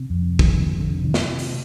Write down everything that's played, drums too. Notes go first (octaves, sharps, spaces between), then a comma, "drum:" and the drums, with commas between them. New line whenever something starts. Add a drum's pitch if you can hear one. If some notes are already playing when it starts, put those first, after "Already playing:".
Already playing: C3
F2
drum: kick
C3 D#3
D3
C3 D#3
drum: snare
drum: open hi-hat